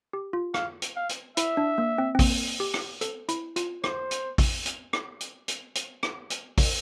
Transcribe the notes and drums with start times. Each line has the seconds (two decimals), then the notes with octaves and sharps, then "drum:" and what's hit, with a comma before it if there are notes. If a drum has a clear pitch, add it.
0.13 G4
0.33 F4
0.54 F5, drum: rim click
0.82 drum: hi-hat
0.96 F5
1.09 drum: hi-hat
1.37 E4 E5, drum: hi-hat
1.57 D4
1.78 A#3
1.98 C4
2.15 C4
2.19 A#3, drum: kick A1, open hi-hat
2.60 G4
2.74 drum: rim click
3.01 A4, drum: hi-hat
3.29 E4, drum: hi-hat
3.56 F4, drum: hi-hat
3.84 C5, drum: rim click
4.11 drum: hi-hat
4.38 drum: kick A1, open hi-hat
4.66 drum: hi-hat
4.93 drum: rim click
5.21 drum: hi-hat
5.48 drum: hi-hat
5.75 drum: hi-hat
6.03 drum: rim click
6.30 drum: hi-hat
6.58 drum: kick A1, open hi-hat